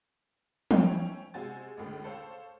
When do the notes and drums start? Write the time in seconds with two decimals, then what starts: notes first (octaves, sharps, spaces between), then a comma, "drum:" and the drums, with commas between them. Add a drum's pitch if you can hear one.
0.71 C4 C#4 E4 G5 G#5, drum: tom
1.34 C3 G#3 F#4 C5 G#5 A6
1.77 C#2 A2 D3
2.04 A4 C5 C#5 F5